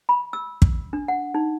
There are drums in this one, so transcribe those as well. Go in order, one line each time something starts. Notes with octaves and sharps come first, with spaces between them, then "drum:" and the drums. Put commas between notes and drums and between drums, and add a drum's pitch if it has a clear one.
B5
E6
drum: kick
D4
F#5
D#4